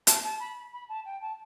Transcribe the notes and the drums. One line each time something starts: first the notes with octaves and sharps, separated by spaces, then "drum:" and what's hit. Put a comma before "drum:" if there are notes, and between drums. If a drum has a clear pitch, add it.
A5, drum: hi-hat
A5
B5
B5
A5
G5
A5